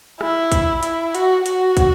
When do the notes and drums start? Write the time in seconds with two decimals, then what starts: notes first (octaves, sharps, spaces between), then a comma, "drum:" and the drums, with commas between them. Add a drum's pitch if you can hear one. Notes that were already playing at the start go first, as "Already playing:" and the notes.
0.21 E4, drum: rim click
0.52 drum: kick, hi-hat
0.83 E4, drum: hi-hat
1.15 F#4, drum: hi-hat
1.46 F#4, drum: hi-hat
1.77 drum: kick, hi-hat